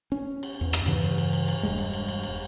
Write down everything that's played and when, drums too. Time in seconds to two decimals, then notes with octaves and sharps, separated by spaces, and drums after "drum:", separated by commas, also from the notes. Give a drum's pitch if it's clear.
0.12 C#4
0.43 drum: cymbal
0.61 E2
0.73 drum: rim click
0.86 G2 C#3 E3, drum: cymbal
1.03 drum: cymbal
1.18 drum: cymbal
1.33 drum: cymbal
1.48 drum: cymbal
1.63 E1 G2 G#3
1.78 drum: cymbal
1.93 drum: cymbal
2.08 drum: cymbal
2.23 drum: cymbal